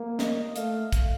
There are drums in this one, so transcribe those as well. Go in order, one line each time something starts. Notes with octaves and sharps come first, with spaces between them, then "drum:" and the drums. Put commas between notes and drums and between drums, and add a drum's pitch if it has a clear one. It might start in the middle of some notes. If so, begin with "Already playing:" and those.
Already playing: A#3
D#5, drum: snare
A3 F5, drum: hi-hat
drum: kick A#1, hi-hat